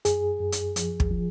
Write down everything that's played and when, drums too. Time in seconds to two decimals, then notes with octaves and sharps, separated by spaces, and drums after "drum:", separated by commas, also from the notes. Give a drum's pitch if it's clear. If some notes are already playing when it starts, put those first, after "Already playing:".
0.05 F#2 G#4, drum: hi-hat
0.40 F#2
0.52 drum: hi-hat
0.76 F3, drum: hi-hat
1.00 drum: kick
1.11 F3